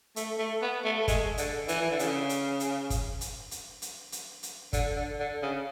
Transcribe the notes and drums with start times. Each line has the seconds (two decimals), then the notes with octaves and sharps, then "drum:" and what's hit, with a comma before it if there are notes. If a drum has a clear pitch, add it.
0.16 A3, drum: hi-hat
0.38 A3
0.62 B3
0.85 A3
1.02 A3
1.08 G#3, drum: kick, hi-hat
1.38 D3, drum: hi-hat
1.68 E3, drum: hi-hat
1.81 E3
1.91 D3
1.99 C#3, drum: hi-hat
2.29 drum: hi-hat
2.60 drum: hi-hat
2.90 drum: kick, hi-hat
3.21 drum: hi-hat
3.51 drum: hi-hat
3.82 drum: hi-hat
4.12 drum: hi-hat
4.43 drum: hi-hat
4.73 D3, drum: kick, hi-hat
4.96 D3
5.19 D3
5.42 C#3